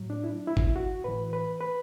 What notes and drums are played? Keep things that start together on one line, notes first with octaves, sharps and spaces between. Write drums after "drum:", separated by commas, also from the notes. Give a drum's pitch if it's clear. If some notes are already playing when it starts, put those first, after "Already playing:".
Already playing: A2 F#3
D4
E4
D4
E4
drum: kick G1
F#4
A2 E3 B4
B4
B4